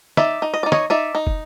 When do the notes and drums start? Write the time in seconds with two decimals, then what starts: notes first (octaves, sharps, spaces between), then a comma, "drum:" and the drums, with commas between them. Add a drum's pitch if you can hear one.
0.17 D#4 D5 E5, drum: snare
0.42 D#4
0.54 D#5
0.63 D#4 D5
0.72 C#5 D#5, drum: snare
0.90 D#4 D5 E5
1.15 D#4
1.27 drum: kick